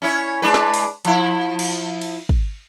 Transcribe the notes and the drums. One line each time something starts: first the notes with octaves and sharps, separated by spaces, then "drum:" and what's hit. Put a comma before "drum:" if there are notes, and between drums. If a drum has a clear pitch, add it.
C#4 E4 C#5
G#3 D4 B4
drum: snare
drum: open hi-hat
F3 E4, drum: hi-hat
drum: cymbal
drum: cymbal
drum: kick